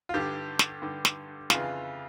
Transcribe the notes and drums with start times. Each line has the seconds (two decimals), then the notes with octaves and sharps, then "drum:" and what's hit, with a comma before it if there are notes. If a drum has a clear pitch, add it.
0.09 F4
0.14 G2 D3 G4
0.59 drum: snare
0.82 G2 D3
1.05 drum: snare
1.50 F2 C#3 E3 F4, drum: snare